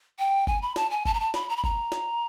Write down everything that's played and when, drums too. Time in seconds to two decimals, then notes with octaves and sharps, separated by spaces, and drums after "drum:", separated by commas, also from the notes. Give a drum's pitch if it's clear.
0.19 G5
0.47 G#5, drum: kick G1
0.62 B5
0.76 A5, drum: snare
0.90 G#5
1.05 A5, drum: kick G1
1.14 A#5
1.20 A5
1.34 B5, drum: snare
1.49 A#5
1.56 B5
1.64 A#5, drum: kick G1
1.92 drum: snare